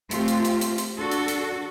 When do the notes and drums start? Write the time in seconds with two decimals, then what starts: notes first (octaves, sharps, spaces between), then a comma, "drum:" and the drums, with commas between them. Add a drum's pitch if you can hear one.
0.11 A3 C4 F4 G4, drum: hi-hat
0.28 drum: hi-hat
0.45 drum: hi-hat
0.61 drum: hi-hat
0.78 drum: hi-hat
0.99 D4 F#4 A4
1.11 drum: hi-hat
1.28 drum: hi-hat